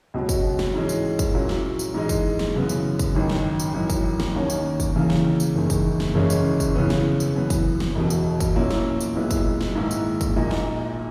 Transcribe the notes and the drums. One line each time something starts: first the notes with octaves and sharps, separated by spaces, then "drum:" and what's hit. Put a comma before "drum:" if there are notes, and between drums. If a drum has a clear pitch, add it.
C#2 B2 F#3
drum: kick, tambourine
drum: snare
G#2 E3 G#3 C#4
drum: tambourine
drum: kick, tambourine
A#2 F#3 A#3 C#4 E4
drum: snare
drum: tambourine
G#2 E3 G#3 D#4
drum: kick, tambourine
drum: snare
F#2 C#3 E3 B3
drum: tambourine
drum: kick, tambourine
G#1 F#2 D#3
drum: snare
drum: tambourine
G#1 F#2 E3
drum: kick, tambourine
drum: snare
D#2 D#3 A#3 C#4
drum: tambourine
drum: kick, tambourine
E2 C#3 E3 A#3
drum: snare
drum: tambourine
F#1 E2 D#3 G#3
drum: kick, tambourine
drum: snare
F#1 E2 C#3 G#3 C#4
drum: tambourine
drum: kick, tambourine
E2 C#3 E3 B3
drum: snare
drum: tambourine
F#2 E3 B3
drum: kick, tambourine
drum: snare
E1 E2 B2
drum: tambourine
drum: kick, tambourine
A#2 A#3 C#4 E4
drum: snare
drum: tambourine
B1 A#2 G#3 B3 E4
drum: kick, tambourine
drum: snare
G#2 D#3 A#3 E4
drum: tambourine
drum: kick, tambourine
A#1 A#2 A#3 D#4
drum: snare